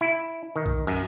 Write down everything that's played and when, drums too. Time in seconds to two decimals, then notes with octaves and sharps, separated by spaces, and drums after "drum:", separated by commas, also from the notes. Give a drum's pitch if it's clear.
0.01 E4
0.56 D#3
0.66 drum: kick B1
0.87 F#2, drum: cymbal